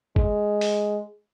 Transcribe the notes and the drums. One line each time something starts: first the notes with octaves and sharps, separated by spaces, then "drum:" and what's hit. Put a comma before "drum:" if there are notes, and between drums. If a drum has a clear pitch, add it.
G#3, drum: kick
drum: open hi-hat